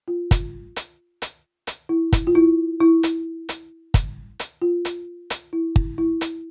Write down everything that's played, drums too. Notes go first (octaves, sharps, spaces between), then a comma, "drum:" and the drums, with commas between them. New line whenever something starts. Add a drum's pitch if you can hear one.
F4
drum: kick, hi-hat
drum: hi-hat
drum: hi-hat
drum: hi-hat
E4
drum: kick, hi-hat
F4
E4
E4
drum: hi-hat
drum: hi-hat
drum: kick, hi-hat
drum: hi-hat
F4
drum: hi-hat
drum: hi-hat
E4
drum: kick
E4
drum: hi-hat